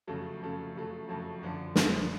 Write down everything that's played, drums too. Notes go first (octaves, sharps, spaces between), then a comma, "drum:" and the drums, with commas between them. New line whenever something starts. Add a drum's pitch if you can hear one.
F2 C#3 F#3 A3
F2 C#3 F#3 A3
F2 C#3 F#3 A3
F2 C#3 F#3 A3
F#2 D3 F3
F#2 D3 F3, drum: snare